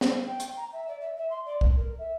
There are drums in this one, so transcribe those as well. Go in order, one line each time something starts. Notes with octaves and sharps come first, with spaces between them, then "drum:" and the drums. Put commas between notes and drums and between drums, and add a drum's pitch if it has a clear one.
C5, drum: snare
G5
drum: hi-hat
A#5
E5
D5
E5
E5
C6
D5
B4, drum: kick
A#4
E5